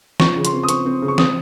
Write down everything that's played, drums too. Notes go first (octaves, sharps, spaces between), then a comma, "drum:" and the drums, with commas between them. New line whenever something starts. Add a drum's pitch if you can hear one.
F3 C#6, drum: snare
C#3
C6, drum: hi-hat
C4
D#6
C4 C#6, drum: hi-hat
C4
C#3
C#6
C4 D#6, drum: snare